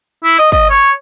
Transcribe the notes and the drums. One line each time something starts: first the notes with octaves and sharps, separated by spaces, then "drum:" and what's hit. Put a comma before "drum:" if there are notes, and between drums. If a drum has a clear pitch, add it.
E4
D#5
D#5, drum: kick
C#5